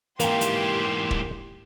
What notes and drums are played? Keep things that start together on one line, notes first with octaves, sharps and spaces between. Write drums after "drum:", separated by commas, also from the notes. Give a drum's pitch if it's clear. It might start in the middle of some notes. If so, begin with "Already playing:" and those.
G#2 E3 A#3 G4 G5 C6, drum: hi-hat
drum: hi-hat
drum: kick